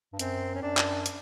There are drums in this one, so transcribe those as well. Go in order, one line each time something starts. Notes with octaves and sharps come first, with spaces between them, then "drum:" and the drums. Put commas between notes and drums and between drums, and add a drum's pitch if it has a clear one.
G2
F#2 C4, drum: hi-hat
C#4
F#2 D4
drum: clap
drum: hi-hat